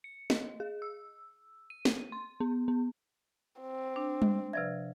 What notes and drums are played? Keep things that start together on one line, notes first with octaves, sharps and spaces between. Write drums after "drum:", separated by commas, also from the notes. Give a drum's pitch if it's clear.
C#7
D#5, drum: snare
G#4
E6
D#7
drum: snare
C6
B3
B3
C4
D4
drum: tom G3
C3 F3 B4 D5 E5 G#6